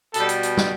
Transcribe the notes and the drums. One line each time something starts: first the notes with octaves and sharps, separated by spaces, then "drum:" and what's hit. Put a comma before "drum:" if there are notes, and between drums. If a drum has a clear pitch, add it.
B2 G3 A4, drum: hi-hat
drum: hi-hat
drum: hi-hat
drum: snare